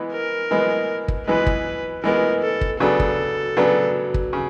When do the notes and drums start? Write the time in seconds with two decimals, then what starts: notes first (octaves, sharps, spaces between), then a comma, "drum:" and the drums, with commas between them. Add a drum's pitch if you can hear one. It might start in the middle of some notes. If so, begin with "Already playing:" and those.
Already playing: E3 G#3 B3
0.13 A#4
0.51 E3 G#3 B3
1.08 drum: kick
1.27 E3 G#3 B3 B4
1.47 drum: kick
2.03 E3 G#3 B3 A#4
2.43 A4
2.61 drum: kick
2.80 C#3 F#3 B3 D4 A4
3.00 drum: kick
3.57 C#3 F#3 B3 D4
4.14 drum: kick
4.33 C#3